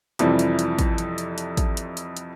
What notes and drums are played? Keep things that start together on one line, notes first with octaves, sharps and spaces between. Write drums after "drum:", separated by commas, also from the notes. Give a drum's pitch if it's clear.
F2 C3 E3 F3 G3, drum: hi-hat
drum: hi-hat
drum: hi-hat
drum: kick, hi-hat
drum: hi-hat
drum: hi-hat
drum: hi-hat
drum: kick, hi-hat
drum: hi-hat
drum: hi-hat
drum: hi-hat